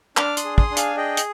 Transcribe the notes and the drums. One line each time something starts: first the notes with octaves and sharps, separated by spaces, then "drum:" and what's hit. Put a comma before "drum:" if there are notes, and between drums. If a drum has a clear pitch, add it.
D4 D6 F6, drum: clap
C6 D#6, drum: hi-hat
G#4
C6 D#6, drum: kick
D4
F5 G#5, drum: hi-hat
G#4 D#5 G5
drum: hi-hat